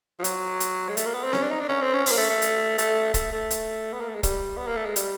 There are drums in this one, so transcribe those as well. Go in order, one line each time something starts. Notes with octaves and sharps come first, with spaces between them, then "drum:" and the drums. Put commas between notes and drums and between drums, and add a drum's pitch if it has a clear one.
F3
F#3, drum: hi-hat
drum: hi-hat
G#3
A3, drum: hi-hat
A#3
B3
C4
C#4, drum: snare C4
D4
D#4
D4
C#4
C4
C#4
C4, drum: open hi-hat
A#3
A3
A3
drum: hi-hat
A3, drum: hi-hat
A3, drum: kick, hi-hat
A3
drum: hi-hat
B3
A#3
A3
G#3
G3, drum: kick, hi-hat
B3
A#3
A3
G#3
G3, drum: hi-hat